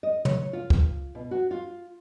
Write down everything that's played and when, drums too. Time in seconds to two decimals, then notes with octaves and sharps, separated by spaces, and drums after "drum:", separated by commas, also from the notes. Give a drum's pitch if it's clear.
0.03 D#5
0.25 C#5, drum: tom
0.53 F4
0.70 drum: kick
1.15 B2
1.31 F#4
1.51 F4